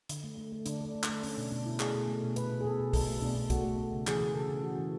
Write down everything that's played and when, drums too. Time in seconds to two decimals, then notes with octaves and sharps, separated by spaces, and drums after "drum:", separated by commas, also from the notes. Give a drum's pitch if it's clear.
0.09 D3, drum: hi-hat
0.24 A3
0.38 A3
0.53 A3
0.66 D3 D4, drum: hi-hat
0.81 A3 D4
0.95 A3
1.03 D4, drum: clap
1.09 A3
1.23 A3 C#4, drum: open hi-hat
1.37 B2 D4
1.52 B2 D4
1.65 B2 E4
1.80 A3 G#4, drum: clap
1.94 B2
2.08 A3
2.22 B2
2.36 B2 B4, drum: hi-hat
2.51 B2
2.60 G#4
2.64 B2 A4
2.80 B2
2.93 B2 A4, drum: kick B1, open hi-hat
3.08 A3
3.22 B2 D4
3.36 B2
3.50 A3 F#4, drum: kick B1, hi-hat
3.64 A3
3.78 A3
3.93 C#3
4.07 E3 G#4, drum: clap
4.21 C#3
4.35 C#3 A4
4.49 C#3
4.63 E3 F#4
4.78 E3